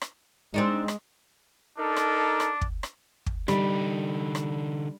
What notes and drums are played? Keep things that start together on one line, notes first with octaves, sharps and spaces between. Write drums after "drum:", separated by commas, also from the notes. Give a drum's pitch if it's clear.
drum: rim click
G#3 C4 D4 D#4
drum: rim click
D4 D#4 A4 A#4
drum: rim click
drum: rim click
drum: kick
drum: rim click
drum: kick
D3 G3 D#4, drum: rim click
drum: rim click